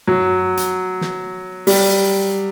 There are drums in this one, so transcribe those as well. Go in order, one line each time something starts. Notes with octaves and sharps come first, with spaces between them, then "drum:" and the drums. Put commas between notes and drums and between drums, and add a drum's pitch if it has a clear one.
F#3, drum: tom
drum: hi-hat
drum: snare
G3, drum: open hi-hat